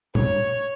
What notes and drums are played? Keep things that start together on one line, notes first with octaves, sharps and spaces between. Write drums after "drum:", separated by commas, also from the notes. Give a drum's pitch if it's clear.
C#5, drum: tom